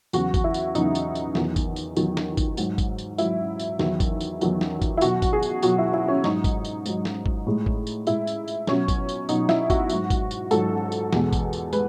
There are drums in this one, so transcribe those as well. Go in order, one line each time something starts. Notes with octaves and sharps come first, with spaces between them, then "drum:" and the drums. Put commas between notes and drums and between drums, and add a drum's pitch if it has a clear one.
E2 C#3 F#3 F#4, drum: tambourine
drum: kick, tambourine
E4
drum: tambourine
E2 C#3 F#3 D#4, drum: tambourine
drum: tambourine
drum: tambourine
E2 D#3 F#3, drum: snare
drum: kick, tambourine
drum: tambourine
E2 D#3 F#3, drum: tambourine
drum: snare
drum: kick, tambourine
G#2 F#3, drum: tambourine
drum: kick, tambourine
drum: tambourine
G#2 F#3 E4, drum: tambourine
drum: tambourine
E2 D#3 F#3, drum: snare
drum: kick, tambourine
drum: tambourine
E2 D#3 F#3, drum: tambourine
drum: snare
drum: kick, tambourine
E4
B2 F#3 F#4, drum: tambourine
drum: kick, tambourine
G#4
drum: tambourine
B2 F#3 F#4, drum: tambourine
E4
E4
C#4
G#2 F#3 D#4, drum: snare
drum: kick, tambourine
drum: tambourine
G#2 F#3, drum: tambourine
drum: snare
drum: kick
A2 G#3
drum: kick
drum: tambourine
A2 G#3 E4, drum: tambourine
drum: tambourine
drum: tambourine
B2 F#3 C#4, drum: snare
drum: kick, tambourine
drum: tambourine
B2 F#3 D#4, drum: tambourine
E4, drum: snare
F#4, drum: kick, tambourine
G#2 F#3, drum: tambourine
drum: kick, tambourine
drum: tambourine
G#2 F#3 A4, drum: tambourine
drum: tambourine
E2 B2 G#3, drum: snare
drum: kick, tambourine
drum: tambourine
G#3 B4, drum: tambourine